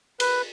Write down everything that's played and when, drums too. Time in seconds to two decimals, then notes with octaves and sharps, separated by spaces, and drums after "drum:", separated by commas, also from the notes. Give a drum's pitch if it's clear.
0.20 B4, drum: cymbal